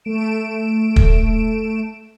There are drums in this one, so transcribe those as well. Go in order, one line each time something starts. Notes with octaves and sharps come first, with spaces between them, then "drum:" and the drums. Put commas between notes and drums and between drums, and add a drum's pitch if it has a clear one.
A3 D7 E7
drum: kick